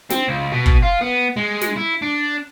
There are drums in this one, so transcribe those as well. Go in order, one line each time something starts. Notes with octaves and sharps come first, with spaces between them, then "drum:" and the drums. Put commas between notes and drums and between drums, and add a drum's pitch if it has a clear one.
C4, drum: snare
C#2
B2
drum: kick
F4
B3
G#3
drum: snare
E4
D4